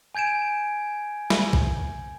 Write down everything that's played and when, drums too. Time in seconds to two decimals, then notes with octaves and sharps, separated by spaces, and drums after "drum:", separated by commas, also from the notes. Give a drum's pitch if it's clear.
0.15 G#5 G6 G#6 D7 E7
1.30 drum: snare
1.53 drum: kick